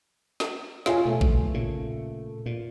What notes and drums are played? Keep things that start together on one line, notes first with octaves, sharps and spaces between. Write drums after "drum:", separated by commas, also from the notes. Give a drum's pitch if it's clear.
drum: snare
F4 C#5 G#5, drum: snare
B2 A3
drum: kick A1
A#2 C#3
A#2